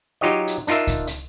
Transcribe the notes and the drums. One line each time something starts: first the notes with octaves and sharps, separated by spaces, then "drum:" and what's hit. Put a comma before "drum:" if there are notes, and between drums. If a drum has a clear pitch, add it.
F#3 D#4 F4 G4 C#5 D#5
drum: hi-hat
D4 D#4 F4 A#4 E5, drum: hi-hat
drum: kick C#2, hi-hat
drum: hi-hat